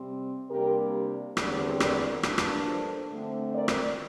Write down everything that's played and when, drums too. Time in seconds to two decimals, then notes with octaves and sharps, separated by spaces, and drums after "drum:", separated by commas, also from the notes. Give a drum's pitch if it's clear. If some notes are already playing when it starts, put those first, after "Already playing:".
Already playing: C3 G3 C4
0.49 C3 G3 A#3 D4 G4 A#4
1.37 E2 D3 G3 C4, drum: rim click
1.80 A#4 D5, drum: rim click
2.23 G2 F3 A#3 D4, drum: rim click
2.38 drum: rim click
2.67 A4 C5
3.10 D3 A3 C4
3.53 A#4 D5
3.68 drum: rim click